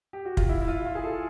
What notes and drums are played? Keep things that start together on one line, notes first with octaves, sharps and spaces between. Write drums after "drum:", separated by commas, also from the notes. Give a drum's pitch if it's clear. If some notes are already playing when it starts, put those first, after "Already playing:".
G4
F#4
F4, drum: kick
E4
E4
F4
F4
G#4
A4